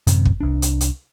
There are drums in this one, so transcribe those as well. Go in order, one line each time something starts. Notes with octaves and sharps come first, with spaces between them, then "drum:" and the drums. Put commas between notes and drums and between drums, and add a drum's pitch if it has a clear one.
A1 F#2 C3, drum: hi-hat
drum: kick
C2 D4
drum: hi-hat
drum: hi-hat